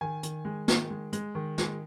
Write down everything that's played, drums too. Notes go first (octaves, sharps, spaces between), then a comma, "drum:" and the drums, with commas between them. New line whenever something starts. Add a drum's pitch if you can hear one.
D#3 G#5
D#3, drum: hi-hat
G#3
D#3, drum: snare
G#3
G#3, drum: hi-hat
D#3
G#3, drum: snare